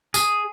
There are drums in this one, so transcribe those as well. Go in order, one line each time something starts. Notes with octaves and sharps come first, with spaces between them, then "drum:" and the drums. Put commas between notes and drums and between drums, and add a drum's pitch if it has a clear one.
G#4, drum: tambourine